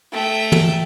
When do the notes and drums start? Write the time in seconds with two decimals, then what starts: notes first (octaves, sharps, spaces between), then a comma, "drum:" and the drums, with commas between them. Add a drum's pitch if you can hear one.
0.12 A3 G5
0.52 drum: tom